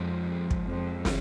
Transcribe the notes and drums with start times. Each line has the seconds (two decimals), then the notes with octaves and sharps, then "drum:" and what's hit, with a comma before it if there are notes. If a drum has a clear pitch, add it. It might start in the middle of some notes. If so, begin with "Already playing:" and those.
Already playing: F2 F3 G#3 G#4
0.51 drum: kick
0.64 F2
1.05 D#3 G3, drum: snare